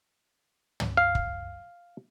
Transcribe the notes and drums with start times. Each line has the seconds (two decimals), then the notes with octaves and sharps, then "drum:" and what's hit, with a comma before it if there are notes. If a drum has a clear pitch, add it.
0.80 drum: tom
0.97 F5
1.15 drum: kick